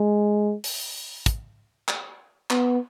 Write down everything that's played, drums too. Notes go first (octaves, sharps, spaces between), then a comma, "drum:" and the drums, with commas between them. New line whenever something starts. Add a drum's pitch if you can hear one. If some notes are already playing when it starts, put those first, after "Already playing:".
Already playing: G#3
drum: open hi-hat
drum: kick, hi-hat
drum: clap
B3, drum: clap